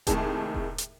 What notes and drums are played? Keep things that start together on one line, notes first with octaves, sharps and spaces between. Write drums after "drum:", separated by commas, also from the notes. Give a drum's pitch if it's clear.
D#2 A2 C3 D#3 G#4 A5, drum: kick E1, hi-hat
drum: kick E1
drum: hi-hat